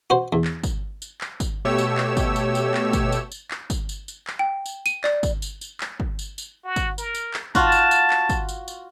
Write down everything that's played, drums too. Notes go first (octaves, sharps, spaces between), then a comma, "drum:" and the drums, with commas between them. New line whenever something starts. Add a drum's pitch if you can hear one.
F#4 C5
E2
drum: clap
drum: kick, tambourine
drum: tambourine
drum: clap
drum: kick, tambourine
B2 A3 G4 C#5 E6
drum: tambourine
drum: clap
drum: kick, tambourine
drum: tambourine
drum: tambourine
drum: clap
drum: kick, tambourine
drum: tambourine
drum: tambourine
drum: clap
drum: kick, tambourine
drum: tambourine
drum: tambourine
drum: clap
G5
drum: tambourine
D#7, drum: tambourine
D5, drum: clap
drum: kick, tambourine
drum: tambourine
drum: tambourine
drum: clap
drum: kick
drum: tambourine
drum: tambourine
F#4
drum: kick, tambourine
A#4, drum: tambourine
drum: tambourine
drum: clap
F4 F#4 A5, drum: kick, tambourine
drum: tambourine
drum: tambourine
drum: clap
drum: kick, tambourine
drum: tambourine
drum: tambourine